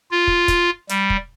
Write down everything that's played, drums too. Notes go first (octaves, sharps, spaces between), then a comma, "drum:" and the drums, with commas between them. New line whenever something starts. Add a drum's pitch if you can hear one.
F4
drum: kick
drum: kick, hi-hat
G3, drum: hi-hat
drum: kick